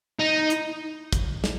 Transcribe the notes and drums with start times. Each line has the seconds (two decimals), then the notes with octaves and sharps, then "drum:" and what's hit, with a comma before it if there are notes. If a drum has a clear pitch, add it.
0.19 D#4
0.50 drum: hi-hat
1.13 drum: kick, hi-hat
1.44 drum: snare